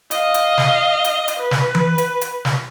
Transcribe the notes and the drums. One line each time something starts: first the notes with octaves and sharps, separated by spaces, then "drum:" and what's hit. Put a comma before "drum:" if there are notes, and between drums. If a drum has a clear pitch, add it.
D#5 F5, drum: hi-hat
drum: hi-hat
drum: snare
drum: hi-hat
drum: hi-hat
B4
drum: snare
drum: tom E3
drum: hi-hat
drum: hi-hat
drum: snare